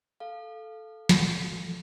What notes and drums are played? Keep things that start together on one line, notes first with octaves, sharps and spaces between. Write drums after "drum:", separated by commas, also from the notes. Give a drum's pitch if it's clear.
A4 F5
drum: snare